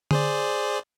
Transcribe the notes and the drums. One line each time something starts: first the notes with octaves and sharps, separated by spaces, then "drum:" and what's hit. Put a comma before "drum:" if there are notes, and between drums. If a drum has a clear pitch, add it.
G#4 C5 D5, drum: tom D3